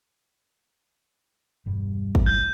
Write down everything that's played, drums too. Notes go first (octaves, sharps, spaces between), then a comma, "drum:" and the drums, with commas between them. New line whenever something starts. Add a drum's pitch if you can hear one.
E1 G2 G3
drum: kick
G6